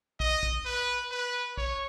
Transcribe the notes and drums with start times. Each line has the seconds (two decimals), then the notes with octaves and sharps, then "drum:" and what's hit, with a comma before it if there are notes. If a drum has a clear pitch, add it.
0.20 D#5, drum: kick
0.43 drum: kick
0.65 B4
1.11 B4
1.58 C#5, drum: kick